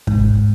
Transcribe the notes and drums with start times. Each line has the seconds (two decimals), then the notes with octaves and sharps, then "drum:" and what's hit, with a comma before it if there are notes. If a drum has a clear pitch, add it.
0.07 G#2, drum: kick